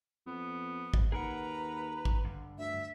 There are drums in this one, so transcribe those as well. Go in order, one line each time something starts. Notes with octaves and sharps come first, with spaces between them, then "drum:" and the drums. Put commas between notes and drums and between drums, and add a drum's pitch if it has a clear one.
F2 B3
drum: kick
D#2 G#4 A#4 B4 F#5 A#5
drum: kick
G2 D3
D2 E5